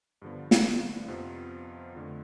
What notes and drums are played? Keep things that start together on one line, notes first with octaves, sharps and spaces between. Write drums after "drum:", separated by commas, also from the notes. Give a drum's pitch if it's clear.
G2 D3 F3 B3
drum: snare
F2 C3 F3 B3 F4
F2 D3 A3